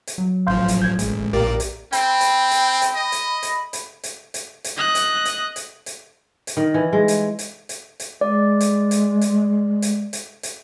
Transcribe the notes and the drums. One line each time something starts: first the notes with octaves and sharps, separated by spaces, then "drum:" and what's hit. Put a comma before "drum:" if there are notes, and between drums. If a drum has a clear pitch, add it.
drum: hi-hat
F#3
A1 F3 F5 C6 G6
drum: hi-hat
G6 G#6
A1 G#3, drum: hi-hat
A#1 A#2 A#3 G4 A#4 D5
drum: hi-hat
C4 G5 B5, drum: hi-hat
drum: hi-hat
drum: hi-hat
drum: hi-hat
D#5
drum: hi-hat
drum: hi-hat
drum: hi-hat
drum: hi-hat
drum: hi-hat
drum: hi-hat
D#5 F#6
drum: hi-hat
drum: hi-hat
drum: hi-hat
drum: hi-hat
drum: hi-hat
D#3
E3
G#3
drum: hi-hat
drum: hi-hat
drum: hi-hat
drum: hi-hat
G#3 D5
drum: hi-hat
drum: hi-hat
drum: hi-hat
drum: hi-hat
drum: hi-hat
drum: hi-hat